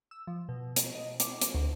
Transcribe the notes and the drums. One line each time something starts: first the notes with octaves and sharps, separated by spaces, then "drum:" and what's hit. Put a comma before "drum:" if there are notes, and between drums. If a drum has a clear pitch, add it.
E6
F3
B2
drum: hi-hat
D#5
D6, drum: hi-hat
drum: hi-hat
D2